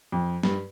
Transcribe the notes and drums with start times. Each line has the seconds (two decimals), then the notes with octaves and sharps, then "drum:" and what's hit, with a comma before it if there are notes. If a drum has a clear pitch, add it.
0.12 F2
0.43 G2, drum: snare